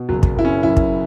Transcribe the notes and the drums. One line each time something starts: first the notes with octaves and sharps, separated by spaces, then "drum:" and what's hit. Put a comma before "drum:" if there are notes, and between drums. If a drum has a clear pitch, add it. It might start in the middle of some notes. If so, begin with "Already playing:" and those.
Already playing: B2
F#1 F#3
drum: kick
F#1 E4
C#4
F#2 E4
drum: kick